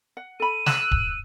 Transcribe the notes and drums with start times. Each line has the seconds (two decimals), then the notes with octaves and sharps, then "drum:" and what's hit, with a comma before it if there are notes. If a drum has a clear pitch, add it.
0.17 F#5
0.40 A4 B5 D#7
0.66 E6 F#6, drum: snare
0.91 drum: kick